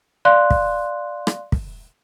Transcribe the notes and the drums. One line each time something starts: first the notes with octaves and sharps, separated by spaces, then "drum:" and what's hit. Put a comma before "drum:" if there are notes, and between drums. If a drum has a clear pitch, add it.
D5 F5 C6 F#6
drum: kick
drum: rim click
drum: kick